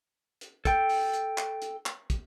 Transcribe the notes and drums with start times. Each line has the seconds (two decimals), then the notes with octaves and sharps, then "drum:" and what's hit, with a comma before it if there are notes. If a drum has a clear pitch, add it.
0.41 drum: hi-hat
0.65 A4 G5, drum: kick, hi-hat
0.89 drum: open hi-hat
1.14 drum: hi-hat
1.38 drum: clap
1.62 drum: hi-hat
1.86 drum: clap
2.10 drum: kick, hi-hat